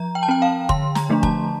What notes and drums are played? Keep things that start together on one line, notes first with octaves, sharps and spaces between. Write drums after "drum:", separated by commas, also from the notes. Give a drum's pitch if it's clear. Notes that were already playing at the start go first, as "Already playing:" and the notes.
Already playing: F3 A#5
G5
A5
C4 G5
F5
D3 C6, drum: kick
A#5, drum: snare
F3 A3 D4
A5, drum: kick